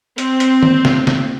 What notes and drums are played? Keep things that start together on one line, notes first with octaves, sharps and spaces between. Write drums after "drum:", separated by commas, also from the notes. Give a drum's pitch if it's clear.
C4, drum: hi-hat
drum: hi-hat
drum: tom D3
drum: snare
drum: snare